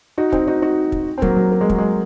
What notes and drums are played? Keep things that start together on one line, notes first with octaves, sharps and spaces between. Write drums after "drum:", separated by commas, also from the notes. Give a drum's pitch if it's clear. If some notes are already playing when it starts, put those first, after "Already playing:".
D#4 F#4
C4 D#4, drum: kick
D#4 F#4
D#4 F#4
drum: kick
C4
F#3 A#3, drum: kick
F#3
A#3
G#3
F#3, drum: kick
G#3